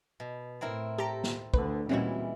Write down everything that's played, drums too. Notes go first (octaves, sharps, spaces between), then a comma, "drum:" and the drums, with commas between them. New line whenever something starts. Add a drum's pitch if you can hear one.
B2
A2 C4 E4 A#4
G4 A4 A#5
drum: snare
D2 D3 B4, drum: kick
A#2 E3 G3 G#3 C4 C#4 E4 F#4